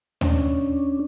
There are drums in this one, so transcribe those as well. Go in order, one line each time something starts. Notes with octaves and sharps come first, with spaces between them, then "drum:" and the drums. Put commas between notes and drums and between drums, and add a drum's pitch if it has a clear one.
C#4 D4, drum: tom D#2